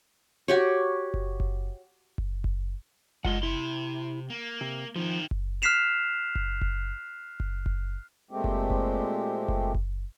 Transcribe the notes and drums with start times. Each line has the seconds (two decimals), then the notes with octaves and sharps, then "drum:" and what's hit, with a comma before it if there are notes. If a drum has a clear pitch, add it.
0.48 F#4 G4 C#5
1.14 drum: kick F#1
1.40 drum: kick F#1
2.18 drum: kick F#1
2.44 drum: kick F#1
3.25 F#3 G#3 F4 D#5 F#5, drum: kick F#1
3.43 C3 E4 C6
4.30 A#3
4.61 C3
4.96 D#3 F3 C4
5.31 drum: kick F#1
5.62 F6 F#6 B6 C7 E7 F7
6.35 drum: kick F#1
6.62 drum: kick F#1
7.40 drum: kick F#1
7.66 drum: kick F#1
8.31 A#2 G#3 A3 C4 G4
8.44 drum: kick F#1
8.70 drum: kick F#1
9.48 drum: kick F#1
9.75 drum: kick F#1